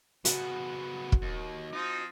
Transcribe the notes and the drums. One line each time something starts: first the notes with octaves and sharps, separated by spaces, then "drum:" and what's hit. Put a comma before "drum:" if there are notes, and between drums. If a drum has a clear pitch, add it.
C#3 B3 F#4, drum: hi-hat
drum: kick
D#2
F3 C4 D#4 D#6